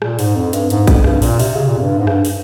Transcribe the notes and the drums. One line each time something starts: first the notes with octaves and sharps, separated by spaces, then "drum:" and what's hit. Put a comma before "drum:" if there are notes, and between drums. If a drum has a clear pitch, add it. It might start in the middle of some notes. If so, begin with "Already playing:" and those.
A#2, drum: rim click
G#2, drum: open hi-hat
F2
G2, drum: hi-hat
G#2, drum: hi-hat
F2, drum: kick, hi-hat
G2, drum: rim click
A#2, drum: open hi-hat
C3, drum: open hi-hat
C#3
A#2
F2
G2
G#2
G2, drum: rim click
drum: open hi-hat